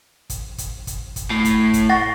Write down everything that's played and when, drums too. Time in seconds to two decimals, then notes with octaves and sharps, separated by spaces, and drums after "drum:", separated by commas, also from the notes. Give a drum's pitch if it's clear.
0.30 drum: kick, hi-hat
0.58 drum: kick, hi-hat
0.87 drum: kick, hi-hat
1.16 drum: kick, hi-hat
1.30 A2 C7
1.45 drum: kick, hi-hat
1.74 drum: kick, hi-hat
1.90 F#5 C#6 A6 A#6